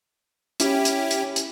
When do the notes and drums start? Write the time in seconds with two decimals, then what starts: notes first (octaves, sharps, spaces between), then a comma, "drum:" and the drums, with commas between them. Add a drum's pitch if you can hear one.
0.60 C#4 E4 G4, drum: hi-hat
0.85 drum: hi-hat
1.11 drum: hi-hat
1.36 drum: hi-hat